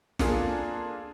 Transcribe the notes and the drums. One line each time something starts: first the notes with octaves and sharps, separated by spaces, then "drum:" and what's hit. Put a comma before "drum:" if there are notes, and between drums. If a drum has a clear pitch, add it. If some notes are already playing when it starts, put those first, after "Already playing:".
A#3 D4 F4 G#4 A4, drum: snare